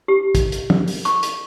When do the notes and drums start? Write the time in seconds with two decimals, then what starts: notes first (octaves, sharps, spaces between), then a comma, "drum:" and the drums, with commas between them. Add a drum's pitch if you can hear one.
0.08 G4
0.35 drum: kick, hi-hat
0.52 drum: hi-hat
0.70 drum: tom
0.88 drum: open hi-hat
1.05 C#6, drum: hi-hat
1.23 drum: hi-hat